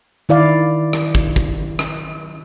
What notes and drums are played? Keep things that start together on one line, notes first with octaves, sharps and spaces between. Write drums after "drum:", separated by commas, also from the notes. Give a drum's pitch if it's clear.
D#3 E4 D5 F5
drum: rim click
drum: kick
drum: kick
drum: rim click